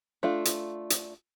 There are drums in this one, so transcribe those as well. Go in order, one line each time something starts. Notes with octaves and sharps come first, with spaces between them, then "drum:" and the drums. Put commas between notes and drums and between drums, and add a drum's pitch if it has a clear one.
A3 D4 F4
drum: hi-hat
drum: hi-hat